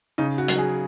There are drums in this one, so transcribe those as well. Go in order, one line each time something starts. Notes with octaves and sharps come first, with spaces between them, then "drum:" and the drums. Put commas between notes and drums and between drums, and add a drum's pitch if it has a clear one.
C#3 D#4
F#4
F#3, drum: hi-hat
G#4